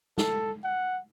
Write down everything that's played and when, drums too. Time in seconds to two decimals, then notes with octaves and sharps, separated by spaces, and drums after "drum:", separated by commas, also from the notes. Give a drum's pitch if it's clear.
0.18 A4, drum: snare
0.64 F#5